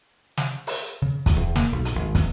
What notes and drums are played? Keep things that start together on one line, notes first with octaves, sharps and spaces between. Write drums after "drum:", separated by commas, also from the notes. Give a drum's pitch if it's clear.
drum: snare
drum: open hi-hat
C#3
drum: kick, hi-hat
E2
A#3, drum: snare
B1
drum: hi-hat
G#1
E2, drum: kick, hi-hat